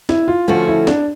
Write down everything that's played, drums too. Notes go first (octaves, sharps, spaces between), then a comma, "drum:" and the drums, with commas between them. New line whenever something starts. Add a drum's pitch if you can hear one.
E4, drum: snare
F4
D3 F3 A3 C#4 F4 F#4
E4
D4, drum: snare